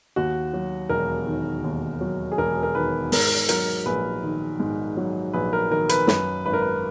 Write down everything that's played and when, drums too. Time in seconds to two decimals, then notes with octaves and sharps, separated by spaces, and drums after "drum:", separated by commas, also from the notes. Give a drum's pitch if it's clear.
0.16 D#2 F#4
0.54 F#3
0.89 E1 A#4
1.27 D#3
1.64 D#2
2.01 F#3
2.32 G#4
2.38 E1 A#4
2.63 A#4
2.75 D#3 B4
3.12 G#2 A#4, drum: open hi-hat
3.49 F#3 A#4, drum: hi-hat
3.86 A#1 B4
4.24 D#3
4.60 G#2
4.97 F#3
5.33 A#1 B4
5.53 A#4
5.71 D#3 A#4
5.89 B4, drum: hi-hat
6.07 F#2 B4, drum: snare
6.46 G#1 B4
6.53 A#4
6.61 B4